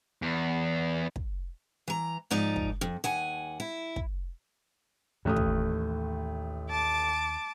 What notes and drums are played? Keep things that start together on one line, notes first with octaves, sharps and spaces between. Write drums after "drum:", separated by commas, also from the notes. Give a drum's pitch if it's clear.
E2
drum: kick
E3 A#5
G#2 F3 D#4 D5 A#5
drum: kick
F2
D#2 F#5 G#5
E4
drum: kick
A1 D#2 A3 D#6
drum: kick
A5 D6